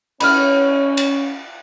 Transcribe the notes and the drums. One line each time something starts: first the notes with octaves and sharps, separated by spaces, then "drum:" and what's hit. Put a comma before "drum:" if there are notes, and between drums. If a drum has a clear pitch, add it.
C#4 B5 F6, drum: cymbal
drum: cymbal